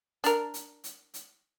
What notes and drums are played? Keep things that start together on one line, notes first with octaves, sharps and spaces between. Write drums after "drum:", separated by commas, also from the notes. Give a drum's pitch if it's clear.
D4 A#4, drum: hi-hat
drum: hi-hat
drum: hi-hat
drum: hi-hat